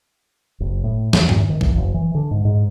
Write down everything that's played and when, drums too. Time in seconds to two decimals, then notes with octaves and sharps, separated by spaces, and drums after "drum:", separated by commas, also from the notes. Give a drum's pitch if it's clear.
0.60 F#1
0.84 A2
1.13 E2, drum: snare
1.29 drum: tom G2
1.49 D#3
1.61 E2, drum: kick
1.76 F#1
1.94 E3
2.15 D3
2.31 G#2
2.45 G#2